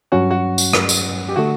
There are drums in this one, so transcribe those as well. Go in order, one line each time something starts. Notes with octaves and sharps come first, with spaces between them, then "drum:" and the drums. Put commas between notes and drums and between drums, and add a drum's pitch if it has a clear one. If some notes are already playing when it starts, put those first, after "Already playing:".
G2 F#3 C#4 F#4
F#4
drum: tambourine
drum: rim click
drum: tambourine
G4
D3 A3 F#4